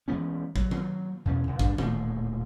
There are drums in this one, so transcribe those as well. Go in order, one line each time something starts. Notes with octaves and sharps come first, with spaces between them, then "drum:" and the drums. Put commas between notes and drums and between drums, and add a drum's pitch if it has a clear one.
E3 G#3 B3 C#4
F#3, drum: kick
drum: tom D#3
E2 B2 C#4
C2
D2 G2 D4, drum: kick
D1 A#2 G#3 A3, drum: tom D#3